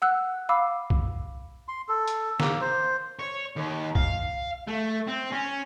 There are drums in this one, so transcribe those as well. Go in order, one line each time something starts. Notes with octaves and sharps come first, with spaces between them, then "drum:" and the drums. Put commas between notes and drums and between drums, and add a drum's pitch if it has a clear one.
F#5 E6 F#6
F5 B5 D6 E6
drum: kick B1
C6
A4
drum: hi-hat
A#3, drum: snare
C5
C#5
D#2
F5, drum: kick B1
A3
C4
C#4